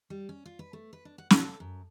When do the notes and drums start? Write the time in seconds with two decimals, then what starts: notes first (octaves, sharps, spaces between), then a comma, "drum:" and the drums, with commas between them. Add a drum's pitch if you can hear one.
0.10 G3
0.29 C#4
0.46 F4
0.59 B4
0.73 A3
0.93 B4
1.05 D4
1.18 F#5
1.30 F#4, drum: snare
1.44 A4
1.60 F#2